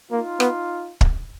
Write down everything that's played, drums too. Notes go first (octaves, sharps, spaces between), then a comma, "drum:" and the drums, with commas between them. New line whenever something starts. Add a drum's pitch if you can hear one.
A#3 D#4 F4
B3, drum: rim click
drum: kick